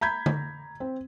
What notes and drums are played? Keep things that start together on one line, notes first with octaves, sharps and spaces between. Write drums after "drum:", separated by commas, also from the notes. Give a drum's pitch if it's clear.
A#5 B5 G6 G#6 B6
drum: tom D3
C4